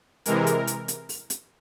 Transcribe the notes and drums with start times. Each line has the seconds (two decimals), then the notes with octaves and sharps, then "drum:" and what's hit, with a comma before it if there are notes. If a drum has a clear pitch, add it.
0.26 C3 E3 G#3 A#4, drum: hi-hat
0.47 drum: hi-hat
0.67 drum: hi-hat
0.88 drum: hi-hat
1.09 drum: open hi-hat
1.30 drum: hi-hat